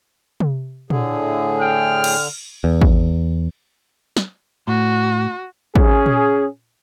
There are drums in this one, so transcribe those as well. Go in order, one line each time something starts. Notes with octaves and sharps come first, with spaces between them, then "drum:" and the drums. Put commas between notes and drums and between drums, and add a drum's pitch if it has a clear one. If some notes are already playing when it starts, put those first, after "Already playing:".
drum: tom C3
A2 D3 G#4, drum: tom A#2
G5 F6
drum: cymbal
E2
drum: kick
drum: snare
A2 F#4
C#4 G#4, drum: kick
drum: tom A#2